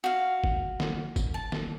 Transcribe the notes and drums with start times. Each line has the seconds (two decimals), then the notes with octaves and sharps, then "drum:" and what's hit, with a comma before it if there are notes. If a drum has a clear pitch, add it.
0.04 F#4 F5
0.44 drum: kick
0.80 drum: snare
1.16 drum: kick, tambourine
1.34 A5
1.52 drum: snare